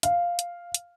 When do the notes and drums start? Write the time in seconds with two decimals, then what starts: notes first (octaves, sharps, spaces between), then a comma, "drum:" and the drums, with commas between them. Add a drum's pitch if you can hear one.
0.03 F5, drum: hi-hat
0.39 drum: hi-hat
0.74 drum: hi-hat